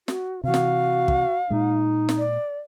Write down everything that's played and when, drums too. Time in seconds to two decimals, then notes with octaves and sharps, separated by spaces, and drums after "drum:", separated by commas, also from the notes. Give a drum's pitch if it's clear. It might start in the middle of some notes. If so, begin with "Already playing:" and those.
0.08 F#4, drum: snare
0.44 C3 E3 F#4 F5
0.54 drum: snare
1.08 drum: kick
1.50 A#2 G#3 D#4
2.09 drum: snare
2.18 D5